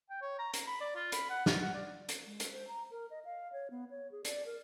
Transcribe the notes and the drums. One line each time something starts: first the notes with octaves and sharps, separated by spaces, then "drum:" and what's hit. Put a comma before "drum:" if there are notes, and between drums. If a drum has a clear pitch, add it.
G5
C#5
A#5
A#5, drum: hi-hat
B5
D5
F4
B5, drum: hi-hat
F#5
F4, drum: snare
F#5
D5
drum: hi-hat
G#3
drum: hi-hat
C5
A#5
A#4
D#5
F5
C#5
B3
C#5
G#4
D5, drum: hi-hat
A#4